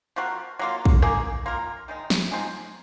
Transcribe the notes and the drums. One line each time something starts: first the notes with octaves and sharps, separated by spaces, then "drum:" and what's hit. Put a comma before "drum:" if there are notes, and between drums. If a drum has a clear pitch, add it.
F3 C4 F#4 A#4
F#3 A#3 F4
drum: kick
A#3 D#4 G#4, drum: rim click
A#3 F4 A#4
D#3 G#3 D#4
drum: snare
F3 C4 D#4 G#4